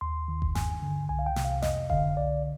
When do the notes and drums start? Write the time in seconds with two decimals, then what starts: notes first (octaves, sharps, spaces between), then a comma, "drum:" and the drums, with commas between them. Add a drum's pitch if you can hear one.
0.01 D#2 C6
0.28 D#3
0.42 drum: kick F#1
0.55 G2 G#5, drum: snare
0.82 D3
1.09 C2 G#5
1.19 F5
1.26 G5
1.36 C3, drum: snare
1.45 F5
1.62 F2 D#5, drum: snare
1.89 D3 F5, drum: kick F#1
2.16 C2 D5